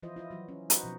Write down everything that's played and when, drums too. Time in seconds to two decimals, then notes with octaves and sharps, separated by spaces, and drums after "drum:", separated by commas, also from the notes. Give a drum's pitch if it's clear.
0.03 E3 F3 E4 F4 C5 D#5
0.16 E4 F4 D#5
0.31 E3 F#3 F#4
0.48 C#4
0.70 D#4 F#4 B4 C5, drum: hi-hat
0.83 B2 F3